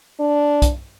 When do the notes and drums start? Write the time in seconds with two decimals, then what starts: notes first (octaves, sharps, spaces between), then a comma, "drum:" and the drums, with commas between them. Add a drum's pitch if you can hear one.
0.19 D4
0.62 drum: kick, hi-hat